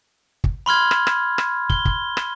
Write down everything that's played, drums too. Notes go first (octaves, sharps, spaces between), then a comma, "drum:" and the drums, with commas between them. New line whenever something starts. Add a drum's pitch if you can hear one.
drum: kick
B5 C6 F6 G#6
drum: rim click
drum: rim click
drum: rim click
G7, drum: kick
drum: kick
drum: rim click